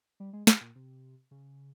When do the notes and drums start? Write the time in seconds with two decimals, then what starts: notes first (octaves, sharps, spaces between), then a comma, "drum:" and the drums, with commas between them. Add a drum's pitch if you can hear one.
0.20 G3
0.33 G#3
0.47 G#3, drum: snare
0.61 A#2
0.76 C3
1.31 C#3